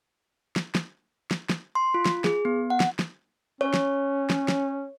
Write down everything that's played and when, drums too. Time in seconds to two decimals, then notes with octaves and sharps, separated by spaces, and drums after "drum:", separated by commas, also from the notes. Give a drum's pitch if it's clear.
0.56 drum: snare
0.75 drum: snare
1.31 drum: snare
1.50 drum: snare
1.75 C6
1.94 F4
2.06 drum: snare
2.24 G#4, drum: snare
2.45 B3
2.70 F#5
2.80 drum: snare
2.99 drum: snare
3.61 C#4 C#5
3.74 drum: snare
4.30 drum: snare
4.48 drum: snare